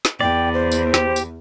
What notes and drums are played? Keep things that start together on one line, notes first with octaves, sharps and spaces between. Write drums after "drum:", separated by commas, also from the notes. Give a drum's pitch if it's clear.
drum: snare
E2 D5 G5
C5
drum: tambourine
G4, drum: snare
drum: tambourine